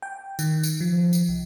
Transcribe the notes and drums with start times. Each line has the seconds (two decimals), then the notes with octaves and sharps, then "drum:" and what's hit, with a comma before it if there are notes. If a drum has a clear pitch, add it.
0.02 G5
0.39 D#3, drum: tambourine
0.63 drum: tambourine
0.81 F3
1.13 drum: tambourine
1.29 C2